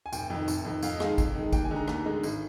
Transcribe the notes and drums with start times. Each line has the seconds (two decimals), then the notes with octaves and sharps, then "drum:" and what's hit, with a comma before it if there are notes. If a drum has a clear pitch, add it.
0.06 G#5
0.13 F1 G5, drum: tambourine
0.30 F2 D#3
0.48 F1, drum: tambourine
0.65 F2 D#3
0.83 F2 F5, drum: tambourine
0.93 D#5
1.00 D#3 G#3 F5, drum: rim click
1.18 F2, drum: kick, tambourine
1.35 D#3 G#3
1.53 D#2 G5, drum: kick, tambourine
1.65 G#5
1.71 D3 G#3 D#4
1.76 A#5
1.88 D#2, drum: rim click
2.05 D3 G#3 D#4
2.23 G#1, drum: tambourine